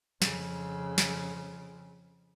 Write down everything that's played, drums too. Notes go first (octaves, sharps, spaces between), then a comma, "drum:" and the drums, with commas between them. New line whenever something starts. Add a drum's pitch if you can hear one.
F2 C#3, drum: snare
drum: snare